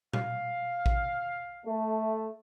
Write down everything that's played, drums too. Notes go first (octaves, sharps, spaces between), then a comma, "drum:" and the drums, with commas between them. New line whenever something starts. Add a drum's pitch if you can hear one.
F5, drum: tom A#2
drum: kick A1
A3